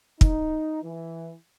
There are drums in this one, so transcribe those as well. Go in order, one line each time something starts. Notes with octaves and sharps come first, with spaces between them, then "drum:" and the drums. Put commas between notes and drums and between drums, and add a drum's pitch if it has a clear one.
D#4, drum: kick
E3